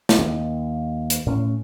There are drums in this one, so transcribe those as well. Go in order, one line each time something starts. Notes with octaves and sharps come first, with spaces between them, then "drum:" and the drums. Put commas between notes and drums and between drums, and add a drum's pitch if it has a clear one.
drum: snare
D#2
drum: hi-hat
A2 C#4